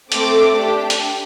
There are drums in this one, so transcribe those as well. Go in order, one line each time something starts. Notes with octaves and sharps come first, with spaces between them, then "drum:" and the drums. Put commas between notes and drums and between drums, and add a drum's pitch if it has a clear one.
A3 C4 A4 D6, drum: hi-hat
D4 G4
drum: hi-hat